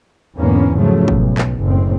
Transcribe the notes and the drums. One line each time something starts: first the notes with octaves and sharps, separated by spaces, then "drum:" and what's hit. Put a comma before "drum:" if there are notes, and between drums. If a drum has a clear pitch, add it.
E2 G#2 D3 A#3 B3 C#4
G#2 C#3 F3 F#3 A3
B1, drum: kick
drum: clap
F#1 A2 C4